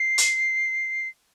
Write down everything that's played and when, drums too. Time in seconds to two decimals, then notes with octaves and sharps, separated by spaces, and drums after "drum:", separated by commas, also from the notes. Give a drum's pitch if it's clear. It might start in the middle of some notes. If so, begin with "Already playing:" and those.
Already playing: C7
0.18 drum: hi-hat